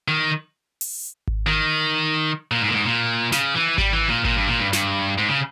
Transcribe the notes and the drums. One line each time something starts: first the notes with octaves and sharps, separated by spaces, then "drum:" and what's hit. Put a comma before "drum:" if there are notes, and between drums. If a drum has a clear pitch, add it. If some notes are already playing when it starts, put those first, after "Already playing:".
D#3
drum: open hi-hat
drum: kick G#1
D#3
A#2
G#2
A#2
G#2
A#2
C#3, drum: snare
E3
G3, drum: kick G#1
E3
A#2
A#2, drum: kick G#1
G2
A#2
G2
G2, drum: snare
G#2
C#3